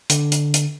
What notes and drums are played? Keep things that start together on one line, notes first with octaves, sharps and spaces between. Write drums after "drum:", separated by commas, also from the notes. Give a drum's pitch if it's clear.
D3, drum: hi-hat
drum: hi-hat
drum: hi-hat